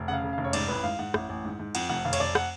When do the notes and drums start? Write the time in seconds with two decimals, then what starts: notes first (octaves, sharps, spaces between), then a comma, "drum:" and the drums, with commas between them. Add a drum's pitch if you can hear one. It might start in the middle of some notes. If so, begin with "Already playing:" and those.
Already playing: F1
0.08 C#3 F#5
0.13 F5
0.23 C#3
0.33 F5
0.38 F1
0.44 C#5
0.53 G#2 D5, drum: cymbal
0.68 A1 B4
0.84 G#2 F5
0.99 G#2 F#5
1.14 A1, drum: rim click
1.29 A1
1.45 G#2
1.59 G#2
1.75 F2 F#5, drum: cymbal
1.90 F1 F#5
2.05 F1 F5
2.13 C#5, drum: cymbal
2.20 F1 D5
2.35 F#5, drum: rim click